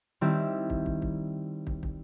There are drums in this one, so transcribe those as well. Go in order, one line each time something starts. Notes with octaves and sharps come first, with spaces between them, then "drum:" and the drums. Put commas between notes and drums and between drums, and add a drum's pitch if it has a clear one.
D#3 G3 C4 E4 G4
drum: kick
drum: kick
drum: kick
drum: kick
drum: kick